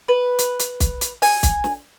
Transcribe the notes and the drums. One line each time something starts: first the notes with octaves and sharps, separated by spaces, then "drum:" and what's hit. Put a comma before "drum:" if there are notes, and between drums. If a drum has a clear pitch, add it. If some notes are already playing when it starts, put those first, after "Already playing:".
B4
drum: hi-hat
drum: hi-hat
drum: kick B1, hi-hat
drum: hi-hat
G#5, drum: open hi-hat
drum: kick B1, hi-hat
drum: snare